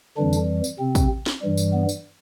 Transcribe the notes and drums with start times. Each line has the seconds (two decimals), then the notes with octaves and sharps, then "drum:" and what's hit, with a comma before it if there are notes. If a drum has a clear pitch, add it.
0.17 F2 D3 E3 G3 D4
0.33 drum: tambourine
0.64 drum: tambourine
0.79 C3 C4
0.95 drum: kick, tambourine
1.26 drum: snare
1.42 G2 E3 G3
1.57 drum: tambourine
1.73 B3
1.89 drum: tambourine